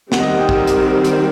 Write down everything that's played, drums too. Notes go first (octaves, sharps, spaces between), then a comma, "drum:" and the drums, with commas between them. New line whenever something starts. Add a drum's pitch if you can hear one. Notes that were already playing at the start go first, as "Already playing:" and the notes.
D#3 G3 C4 F#5, drum: snare
D#5
F#5
G5
drum: kick
drum: hi-hat
drum: hi-hat